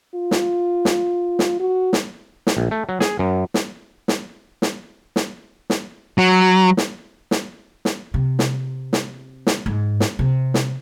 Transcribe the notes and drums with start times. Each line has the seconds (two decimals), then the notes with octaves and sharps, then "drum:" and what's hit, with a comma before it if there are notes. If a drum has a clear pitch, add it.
0.15 F4
0.31 drum: snare
0.85 drum: snare
1.39 drum: snare
1.60 F#4
1.93 drum: snare
2.47 drum: snare
2.57 A#1
2.71 A3
2.89 F#3
3.00 G#4, drum: snare
3.19 F#2
3.54 drum: snare
4.08 drum: snare
4.62 drum: snare
5.16 drum: snare
5.70 drum: snare
6.18 F#3
6.77 drum: snare
7.31 drum: snare
7.85 drum: snare
8.14 C3
8.39 drum: snare
8.93 drum: snare
9.47 drum: snare
9.66 G#2
10.00 drum: snare
10.19 C3
10.54 drum: snare